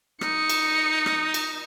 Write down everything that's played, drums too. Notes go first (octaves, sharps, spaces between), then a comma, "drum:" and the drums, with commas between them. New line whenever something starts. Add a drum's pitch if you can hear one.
D#4 C#7, drum: rim click
drum: cymbal
drum: rim click
drum: cymbal